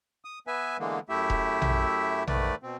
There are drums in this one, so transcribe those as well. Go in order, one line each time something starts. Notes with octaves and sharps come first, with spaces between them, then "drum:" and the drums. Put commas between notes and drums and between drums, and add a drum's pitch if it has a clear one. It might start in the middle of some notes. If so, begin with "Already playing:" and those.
D#6
B3 B4 E5 G#5
D3 E3 G#3 A#3 B3
F#2 A3 E4 G4 E5
drum: kick E1
drum: tom A#1
G#2 D#3 A3 B4 D5, drum: tom A#1
B2 C4